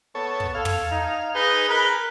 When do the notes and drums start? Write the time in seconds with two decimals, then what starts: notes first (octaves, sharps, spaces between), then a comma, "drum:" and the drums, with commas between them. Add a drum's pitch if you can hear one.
0.15 B3 A4 C#5
0.40 drum: kick
0.55 A4 F5 G#6
0.65 drum: tom
0.91 D#4
1.35 D#4 G#4 B4 G7
1.69 A#4 B4